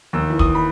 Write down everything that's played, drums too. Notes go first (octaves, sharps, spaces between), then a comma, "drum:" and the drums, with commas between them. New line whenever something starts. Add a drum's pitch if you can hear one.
D#2 E6
E3
D#6, drum: kick
B5